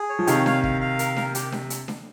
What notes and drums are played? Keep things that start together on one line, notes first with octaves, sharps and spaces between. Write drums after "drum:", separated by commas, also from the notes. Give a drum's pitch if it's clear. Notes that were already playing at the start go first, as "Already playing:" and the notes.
Already playing: G#4
C#5
F3
C3 D#3 F5, drum: hi-hat
F5, drum: snare D4
F5, drum: kick
F5
A#4, drum: hi-hat
A#4, drum: snare D4
G4, drum: hi-hat
drum: snare D4
drum: hi-hat
drum: snare D4